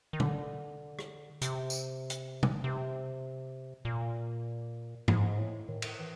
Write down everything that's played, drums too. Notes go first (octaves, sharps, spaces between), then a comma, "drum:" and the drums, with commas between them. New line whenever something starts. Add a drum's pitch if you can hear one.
D#3
D3, drum: tom
drum: rim click
C3, drum: hi-hat
drum: tambourine
drum: hi-hat
drum: tom
C3
A#2
G#2, drum: tom
A2
D#3
drum: cymbal
E3